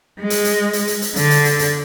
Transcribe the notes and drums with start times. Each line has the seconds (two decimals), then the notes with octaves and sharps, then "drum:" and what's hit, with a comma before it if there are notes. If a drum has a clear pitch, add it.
0.20 G#3
0.30 drum: hi-hat
0.45 drum: hi-hat
0.73 drum: hi-hat
0.88 drum: hi-hat
1.02 drum: hi-hat
1.16 D3, drum: hi-hat
1.30 drum: hi-hat
1.45 drum: hi-hat
1.59 drum: hi-hat